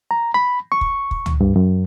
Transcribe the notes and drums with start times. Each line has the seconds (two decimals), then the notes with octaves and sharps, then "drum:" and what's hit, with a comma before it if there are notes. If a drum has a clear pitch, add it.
0.11 A#5
0.34 B5
0.72 C#6
0.81 drum: kick
1.11 drum: kick
1.26 drum: tom C#2
1.40 G2
1.56 F#2